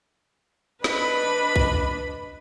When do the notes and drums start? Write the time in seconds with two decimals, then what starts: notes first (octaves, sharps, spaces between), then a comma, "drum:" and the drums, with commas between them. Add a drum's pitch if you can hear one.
0.84 D4 B4 D#5 B5, drum: snare
1.56 drum: kick B1